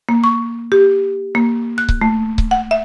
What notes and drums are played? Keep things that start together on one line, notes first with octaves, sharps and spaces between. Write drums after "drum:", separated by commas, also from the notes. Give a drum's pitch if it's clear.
A#3
C#6
G4
A#3
F#6
drum: kick C#1
A3
drum: kick C#1
F#5
E5